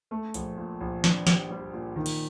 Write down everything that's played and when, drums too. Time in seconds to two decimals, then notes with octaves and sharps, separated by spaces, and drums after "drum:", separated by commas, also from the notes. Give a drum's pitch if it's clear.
0.11 A3
0.34 A#1, drum: hi-hat
0.58 A#2
0.80 A#1
1.04 D4, drum: snare
1.27 G4, drum: snare
1.50 G3
1.73 A#2
1.96 D#3
2.06 drum: cymbal